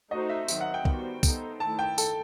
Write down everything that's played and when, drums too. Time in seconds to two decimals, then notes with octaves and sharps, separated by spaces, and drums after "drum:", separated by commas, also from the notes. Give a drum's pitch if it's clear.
0.11 A3 D#4 F#4 C5 D#5
0.29 E5
0.48 D#3 F#3 C4 E5, drum: tambourine
0.60 F#5
0.74 G5
0.85 D#3 G3 B3 F#4 C5, drum: kick
1.23 B3 D#4 A4 C5, drum: kick, tambourine
1.60 D#3 A3 E4 A5
1.79 G5
1.98 A4, drum: tambourine